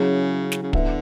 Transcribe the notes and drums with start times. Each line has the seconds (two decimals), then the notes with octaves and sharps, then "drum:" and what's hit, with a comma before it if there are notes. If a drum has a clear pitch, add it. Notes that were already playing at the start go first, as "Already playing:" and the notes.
Already playing: C#3 F#3 C#4 E4 G#4
0.52 drum: snare
0.63 C#3
0.73 D3 B3 E4 B4 E5, drum: kick